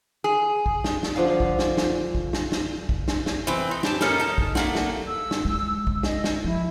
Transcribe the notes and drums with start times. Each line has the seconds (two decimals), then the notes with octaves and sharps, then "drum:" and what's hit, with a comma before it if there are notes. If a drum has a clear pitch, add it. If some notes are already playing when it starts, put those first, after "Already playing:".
0.24 G#4
0.66 drum: kick
0.84 drum: snare
1.03 drum: snare
1.16 D3 F3 D4 F5
1.40 drum: kick
1.59 drum: snare
1.77 drum: snare
2.15 drum: kick
2.33 drum: snare
2.52 drum: snare
2.89 drum: kick
3.08 drum: snare
3.26 drum: snare
3.47 E3 C4
3.71 D#4
3.83 G4 A5, drum: snare
4.01 A#3 C#4 D#4 A4, drum: snare
4.20 D#4 A5
4.38 drum: kick
4.55 A3 A#3 F#5, drum: snare
4.75 drum: snare
5.08 E6
5.31 drum: snare
5.45 G#3
5.87 drum: kick
6.03 D#5, drum: snare
6.24 drum: snare
6.44 F3 E4